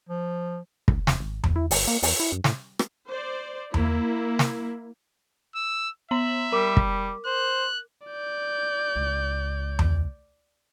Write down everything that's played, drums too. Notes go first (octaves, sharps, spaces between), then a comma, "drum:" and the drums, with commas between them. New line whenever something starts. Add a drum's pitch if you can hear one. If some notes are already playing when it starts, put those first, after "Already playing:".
F3
C#2, drum: kick
E2, drum: snare
G#1
D#1, drum: tom E2
E4
G1, drum: open hi-hat
A#3
E2, drum: open hi-hat
E4
F#2
A2, drum: snare
drum: rim click
C5 D5
A#3 E4, drum: tom E2
drum: snare
E6
B3 E5 A#5 F#7
G3 A#4 D6
drum: kick
C5 F#6
D5 G6
C#2
drum: tom E2